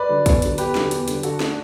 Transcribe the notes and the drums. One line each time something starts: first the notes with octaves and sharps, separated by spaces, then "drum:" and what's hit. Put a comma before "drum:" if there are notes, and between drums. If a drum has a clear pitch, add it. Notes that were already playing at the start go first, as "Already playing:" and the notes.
Already playing: B4 D5
D3 F#3
E2, drum: kick, hi-hat
D3 F#3, drum: hi-hat
E2 G4 B4, drum: hi-hat
D3 F#3, drum: snare
E2, drum: hi-hat
D3 F#3, drum: hi-hat
D3 F#4 A4, drum: hi-hat
A3 D4, drum: snare